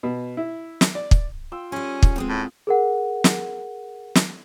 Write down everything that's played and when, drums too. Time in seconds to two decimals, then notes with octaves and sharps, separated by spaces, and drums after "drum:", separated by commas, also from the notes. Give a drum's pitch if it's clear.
0.03 B2
0.37 E4
0.81 drum: snare
0.95 D5
1.11 drum: kick
1.52 F4 G5 E6
1.72 G3 C#4 G#4
2.03 drum: kick
2.16 G#3 B3 C4 G5 D#6
2.29 A2
2.67 G#4 A#4 F#5
3.24 drum: snare
4.15 drum: snare